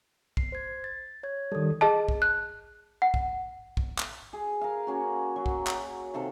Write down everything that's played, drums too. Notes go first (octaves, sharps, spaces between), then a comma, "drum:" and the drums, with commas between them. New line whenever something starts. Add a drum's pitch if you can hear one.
C7, drum: kick
C5 G#6
A6
C#5 G#6
D#3 G3 A4 D#6
G#4 D#5 A5
drum: kick
F#6
F#5
drum: kick
drum: kick
drum: clap
G#4
A#4 F5
A#3 C#4 F#4
F#3
drum: kick
drum: clap
C3 D#3 A4 F5